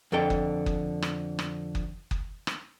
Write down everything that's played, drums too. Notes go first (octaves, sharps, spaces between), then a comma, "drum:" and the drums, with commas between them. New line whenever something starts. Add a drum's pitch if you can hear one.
F2 D3 A4 G5
drum: kick F#1
drum: kick F#1
drum: rim click
drum: rim click
drum: kick F#1
drum: kick F#1
drum: rim click